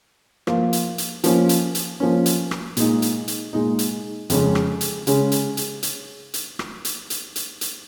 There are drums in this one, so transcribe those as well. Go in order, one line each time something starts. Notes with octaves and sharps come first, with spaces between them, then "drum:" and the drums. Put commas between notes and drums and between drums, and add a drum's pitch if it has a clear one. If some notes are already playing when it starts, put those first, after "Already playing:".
F3 A#3 F4, drum: rim click
drum: hi-hat
drum: hi-hat
F3 A#3 C#4, drum: hi-hat
drum: hi-hat
drum: hi-hat
F3 A#3 C#4
drum: hi-hat
drum: rim click
A#2 G#3 D#4, drum: hi-hat
drum: hi-hat
drum: hi-hat
A#2 G#3 D#4
drum: hi-hat
F2 C#3 G#3 C#4, drum: hi-hat
drum: rim click
drum: hi-hat
C#3 G#3 C#4, drum: hi-hat
drum: hi-hat
drum: hi-hat
drum: hi-hat
drum: hi-hat
drum: rim click
drum: hi-hat
drum: hi-hat
drum: hi-hat
drum: hi-hat